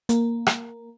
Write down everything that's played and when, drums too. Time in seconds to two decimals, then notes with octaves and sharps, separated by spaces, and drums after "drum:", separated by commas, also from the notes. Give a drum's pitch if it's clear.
0.09 A#3, drum: hi-hat
0.47 drum: rim click